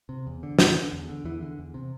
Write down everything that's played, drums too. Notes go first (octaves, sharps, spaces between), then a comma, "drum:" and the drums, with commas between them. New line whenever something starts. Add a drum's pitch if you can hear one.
C3
E2
D3
E2 E3, drum: snare
D3
E2
D3
E2 E3
D3
E2
C3